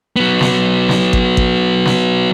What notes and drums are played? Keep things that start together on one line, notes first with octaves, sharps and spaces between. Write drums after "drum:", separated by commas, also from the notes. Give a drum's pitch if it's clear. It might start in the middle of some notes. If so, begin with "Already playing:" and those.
F#3 B3
drum: snare
drum: snare
drum: kick G#1
drum: kick G#1
drum: snare